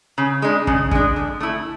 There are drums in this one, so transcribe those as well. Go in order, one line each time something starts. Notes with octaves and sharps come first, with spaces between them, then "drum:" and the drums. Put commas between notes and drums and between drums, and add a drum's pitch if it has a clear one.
C#3
G#3 D4
C#3, drum: kick
G#3 D4, drum: kick
D3
A3 E4